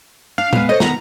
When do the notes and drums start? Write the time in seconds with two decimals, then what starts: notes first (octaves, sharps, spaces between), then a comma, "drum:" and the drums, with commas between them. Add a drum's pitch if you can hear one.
0.38 D4 F5
0.53 G#3 B3, drum: tom
0.69 A4 C5 C#5 D#5
0.80 D#3 B3 A#5, drum: snare